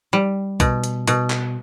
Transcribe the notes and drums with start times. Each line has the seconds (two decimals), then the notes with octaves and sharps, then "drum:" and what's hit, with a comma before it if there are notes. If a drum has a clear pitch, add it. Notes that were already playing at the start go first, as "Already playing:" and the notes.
0.13 G3
0.60 B2, drum: kick B1, hi-hat
0.84 drum: hi-hat
1.07 B2, drum: hi-hat
1.30 drum: clap